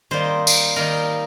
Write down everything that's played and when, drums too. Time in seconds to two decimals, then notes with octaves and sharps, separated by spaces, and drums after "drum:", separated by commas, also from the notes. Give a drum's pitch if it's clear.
0.11 D#3 G3 A#3 D#4 C5
0.47 drum: tambourine
0.76 D#3 G3 A#3 D#4 A#4